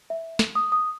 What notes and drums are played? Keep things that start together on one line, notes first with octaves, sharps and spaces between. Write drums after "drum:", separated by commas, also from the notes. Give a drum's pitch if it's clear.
E5
drum: snare
D#6
D#6